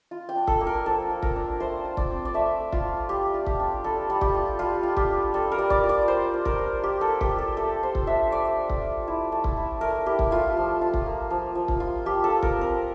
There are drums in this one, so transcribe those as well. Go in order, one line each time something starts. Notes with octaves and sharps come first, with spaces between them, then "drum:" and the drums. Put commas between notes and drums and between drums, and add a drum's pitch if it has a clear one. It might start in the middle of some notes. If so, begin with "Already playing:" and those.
F4
G5
D4
A4, drum: kick C#1
A#3
A#4
F3 A4
F4
A#4, drum: kick C#1
D4
A3 C5
F4
D5, drum: kick C#1
C4
D5
A3 E5
A3
F4, drum: kick C#1
F4
G3 G4
F4
G4, drum: kick C#1
D4
G3 A4
G3
G4, drum: kick C#1
F4
G3 F4
F4
G4, drum: kick C#1
D4
G3 A4
A#4
G3
D5, drum: kick C#1
F4
D5
A#3 C5
F4
A#4, drum: kick C#1
D4
A#3 G4
A4
A#3
G4, drum: kick C#1
F4
A4
A3 A4
F4 C5
drum: kick C#1
D4 E5
A3 D5
A3
drum: kick C#1
F4
E4
A3
drum: kick C#1
E4
A3 A#4
E4 G4
drum: kick C#1
A3 F4
F3
F4
drum: kick C#1
A#3
F3
F3
drum: kick C#1
F4
F3 G4
A4
F4
A#4, drum: kick C#1
C4
A#4